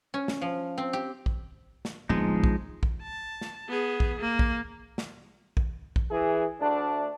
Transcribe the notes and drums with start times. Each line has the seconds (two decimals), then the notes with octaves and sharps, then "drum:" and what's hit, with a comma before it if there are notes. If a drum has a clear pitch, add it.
0.14 C#4
0.28 drum: snare
0.41 F3
0.78 C4
0.93 G4
1.26 drum: kick A#1
1.85 drum: snare
2.09 D1 A#1 F3 G#3 B3 D#4
2.44 drum: kick A#1
2.83 drum: kick A#1
3.02 A5
3.41 drum: snare
3.68 B3 G#4
4.00 drum: kick A#1
4.20 A#3
4.39 drum: kick A#1
4.98 drum: snare
5.57 drum: kick A#1
5.96 drum: kick A#1
6.11 E3 G#4
6.59 D2 A3 D4